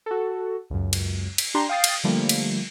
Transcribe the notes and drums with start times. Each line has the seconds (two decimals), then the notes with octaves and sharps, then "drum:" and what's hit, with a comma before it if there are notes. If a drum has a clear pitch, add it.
0.06 F#4 A4
0.70 C#2 F#2
0.93 drum: cymbal
1.38 drum: cymbal
1.55 D4 G4 A#5 C6
1.69 F5 G5 D#6 A6 C7
1.84 drum: cymbal
2.04 D3 F3 G3 A3 A#3
2.29 drum: cymbal